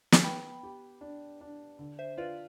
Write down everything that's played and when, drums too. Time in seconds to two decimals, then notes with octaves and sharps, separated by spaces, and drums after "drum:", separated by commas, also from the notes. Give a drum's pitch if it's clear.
0.12 drum: snare
0.23 B3 G5 B5
0.63 G4
1.01 D4
1.41 D4
1.79 D3
1.99 C5 E5
2.18 F4 B4 D5